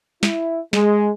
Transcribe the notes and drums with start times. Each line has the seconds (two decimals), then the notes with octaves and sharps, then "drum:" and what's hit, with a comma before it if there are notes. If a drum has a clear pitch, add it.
0.23 E4, drum: snare
0.73 G#3, drum: snare